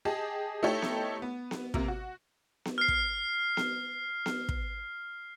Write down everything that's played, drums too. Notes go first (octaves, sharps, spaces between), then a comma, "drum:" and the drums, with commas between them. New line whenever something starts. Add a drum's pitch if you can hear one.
G4 G#4 D#5 A5
A3 D#4 E4 G4 A4 C#5
drum: snare B3
B3
drum: snare B3
C3 A#3, drum: kick
F#4
drum: snare B3
F6 C7
drum: kick
drum: snare B3
drum: snare B3
drum: kick